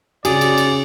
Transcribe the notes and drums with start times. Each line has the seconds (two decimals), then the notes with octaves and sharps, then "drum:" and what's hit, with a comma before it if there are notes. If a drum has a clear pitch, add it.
0.25 C#3 F#4 G#4 D5, drum: cymbal
0.41 drum: cymbal
0.58 drum: cymbal